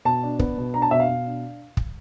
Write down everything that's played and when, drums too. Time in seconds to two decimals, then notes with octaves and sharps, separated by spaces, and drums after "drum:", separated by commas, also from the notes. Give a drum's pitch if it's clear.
0.05 B2 A5
0.23 D4
0.39 B3, drum: kick
0.58 B2
0.74 D4 A#5
0.82 A5
0.91 B2 E5
1.00 F5
1.09 B2
1.25 D4
1.77 drum: kick